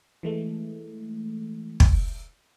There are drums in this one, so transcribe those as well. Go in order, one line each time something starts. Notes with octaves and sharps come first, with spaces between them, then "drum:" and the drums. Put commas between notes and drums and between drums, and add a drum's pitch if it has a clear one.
E3 G#3 A3
drum: kick